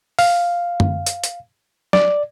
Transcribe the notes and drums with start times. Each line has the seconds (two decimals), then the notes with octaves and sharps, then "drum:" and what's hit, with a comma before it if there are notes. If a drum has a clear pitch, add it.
0.19 F5, drum: open hi-hat
0.80 drum: tom
1.06 drum: hi-hat
1.24 drum: hi-hat
1.93 D5, drum: snare